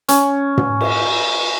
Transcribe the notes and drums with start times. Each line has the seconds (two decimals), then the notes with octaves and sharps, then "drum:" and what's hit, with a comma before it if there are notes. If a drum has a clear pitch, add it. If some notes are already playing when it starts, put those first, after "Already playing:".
0.08 C#4, drum: hi-hat
0.57 drum: tom
0.81 drum: cymbal